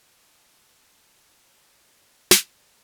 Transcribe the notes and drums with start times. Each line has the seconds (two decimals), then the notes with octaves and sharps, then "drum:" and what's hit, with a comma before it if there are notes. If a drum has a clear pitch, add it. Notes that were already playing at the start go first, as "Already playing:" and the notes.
0.19 A5
1.48 C#5
2.31 drum: snare
2.56 G3 A#3 C4 B4